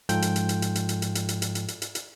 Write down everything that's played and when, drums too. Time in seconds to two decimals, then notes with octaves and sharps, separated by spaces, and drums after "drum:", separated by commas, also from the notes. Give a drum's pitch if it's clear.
0.09 G#2 F3 F4 A4 G5 G6, drum: hi-hat
0.22 drum: hi-hat
0.36 drum: hi-hat
0.49 drum: hi-hat
0.62 drum: hi-hat
0.75 drum: hi-hat
0.89 drum: hi-hat
1.02 drum: hi-hat
1.15 drum: hi-hat
1.29 drum: hi-hat
1.42 drum: hi-hat
1.55 drum: hi-hat
1.68 drum: hi-hat
1.82 drum: hi-hat
1.95 drum: hi-hat